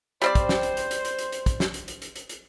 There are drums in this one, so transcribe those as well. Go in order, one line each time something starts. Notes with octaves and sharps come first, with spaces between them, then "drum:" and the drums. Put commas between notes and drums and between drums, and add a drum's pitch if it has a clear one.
G3 C4 C5 D5, drum: hi-hat
drum: kick, hi-hat
drum: snare
drum: hi-hat
drum: hi-hat
drum: hi-hat
drum: hi-hat
drum: hi-hat
drum: hi-hat
drum: kick, hi-hat
drum: snare
drum: hi-hat
drum: hi-hat
drum: hi-hat
drum: hi-hat
drum: hi-hat